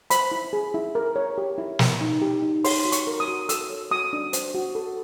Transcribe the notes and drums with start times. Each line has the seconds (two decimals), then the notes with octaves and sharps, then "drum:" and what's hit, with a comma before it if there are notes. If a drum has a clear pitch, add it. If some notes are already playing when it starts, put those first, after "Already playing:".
0.10 C5 B5, drum: hi-hat
0.32 E4
0.53 G#4
0.74 E4
0.95 A#4
1.16 C#5
1.38 G4
1.58 E4
1.79 A#4, drum: snare
2.01 D#4
2.22 G4
2.43 D#4
2.64 C#5 C6, drum: open hi-hat
2.85 F#4
2.92 C#6, drum: hi-hat
3.07 A#4
3.20 D#6
3.28 F#4
3.49 A4 E6, drum: hi-hat
3.70 C#5
3.91 F#4 D#6
4.13 D4
4.33 C5, drum: hi-hat
4.55 F#4
4.75 A4